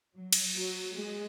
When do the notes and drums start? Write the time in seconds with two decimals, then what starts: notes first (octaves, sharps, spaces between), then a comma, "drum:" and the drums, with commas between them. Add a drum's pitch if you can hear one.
0.16 F#3
0.33 drum: cymbal
0.56 F#3
0.95 G#3